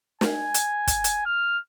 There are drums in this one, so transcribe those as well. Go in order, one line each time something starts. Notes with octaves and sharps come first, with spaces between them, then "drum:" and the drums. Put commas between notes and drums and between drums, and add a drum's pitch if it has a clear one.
G#5, drum: snare
drum: hi-hat
drum: kick, hi-hat
drum: hi-hat
F6